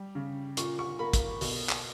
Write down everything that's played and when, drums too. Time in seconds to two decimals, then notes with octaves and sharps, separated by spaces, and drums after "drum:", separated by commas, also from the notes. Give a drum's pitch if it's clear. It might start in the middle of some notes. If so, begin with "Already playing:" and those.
Already playing: G3
0.15 C#3
0.57 A#2 C#6, drum: hi-hat
0.79 C#6
0.99 A#3 B5
1.13 drum: kick, hi-hat
1.41 B2, drum: open hi-hat
1.69 drum: clap